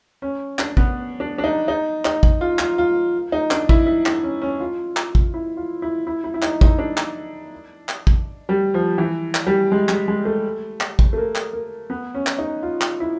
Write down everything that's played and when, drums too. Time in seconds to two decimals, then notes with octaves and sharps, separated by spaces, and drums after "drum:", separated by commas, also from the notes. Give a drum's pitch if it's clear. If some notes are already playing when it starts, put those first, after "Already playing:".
0.22 C#4
0.59 D4, drum: clap
0.77 B3, drum: kick
1.20 D4
1.38 D4
1.44 D#4
1.68 D#4
2.05 D#4, drum: clap
2.23 drum: kick
2.41 F4
2.59 F4, drum: clap
2.78 F4
3.32 D#4
3.51 D4, drum: clap
3.69 E4, drum: kick
3.87 E4
4.06 D4, drum: clap
4.23 C#4
4.42 C#4
4.60 F4
4.97 drum: clap
5.15 drum: kick
5.34 E4
5.57 F4
5.82 E4
6.07 E4
6.24 E4
6.34 E4
6.42 D#4, drum: clap
6.61 D#4, drum: kick
6.79 D4
6.97 drum: clap
7.89 drum: clap
8.07 drum: kick
8.49 G3
8.74 F3
8.98 E3
9.35 drum: clap
9.47 G3
9.72 G#3
9.89 G#3, drum: clap
10.08 G#3
10.25 A3
10.81 drum: clap
10.99 drum: kick
11.13 A3
11.18 A#3
11.35 drum: clap
11.53 A#3
11.90 B3
12.14 C#4
12.27 drum: clap
12.39 D#4
12.62 F4
12.81 drum: clap
13.00 E4